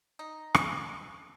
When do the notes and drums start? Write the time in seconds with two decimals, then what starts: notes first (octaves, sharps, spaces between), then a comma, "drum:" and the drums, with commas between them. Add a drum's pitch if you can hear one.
0.19 D#4
0.54 drum: rim click